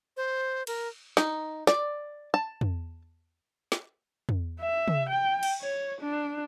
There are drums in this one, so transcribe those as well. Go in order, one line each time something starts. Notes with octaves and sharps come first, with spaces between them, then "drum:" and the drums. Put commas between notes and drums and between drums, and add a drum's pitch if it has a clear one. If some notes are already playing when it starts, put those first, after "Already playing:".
C5
A#4, drum: cymbal
D#4, drum: snare
D5, drum: snare
A5
drum: tom
drum: snare
drum: tom
E5
drum: tom
G5
drum: cymbal
C#5
D4